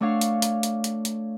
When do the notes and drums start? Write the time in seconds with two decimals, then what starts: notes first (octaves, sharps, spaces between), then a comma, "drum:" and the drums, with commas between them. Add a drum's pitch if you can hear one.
0.01 A3 D4 C#5 F5
0.21 drum: hi-hat
0.42 drum: hi-hat
0.63 drum: hi-hat
0.84 drum: hi-hat
1.05 drum: hi-hat